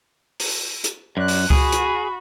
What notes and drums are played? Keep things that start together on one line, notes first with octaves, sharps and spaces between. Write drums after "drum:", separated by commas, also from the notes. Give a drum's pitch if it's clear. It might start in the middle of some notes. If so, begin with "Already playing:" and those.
drum: open hi-hat
drum: hi-hat
F#2 D5 F#6
drum: open hi-hat
F#4 G#4 B5, drum: kick C#2
drum: hi-hat